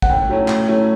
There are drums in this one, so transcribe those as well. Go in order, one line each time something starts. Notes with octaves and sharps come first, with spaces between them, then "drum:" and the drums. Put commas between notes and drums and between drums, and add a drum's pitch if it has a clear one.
F#5, drum: kick
A2 G5
F#3 A3 C#4 E4
A2, drum: clap
F#3 A3 C#4 E4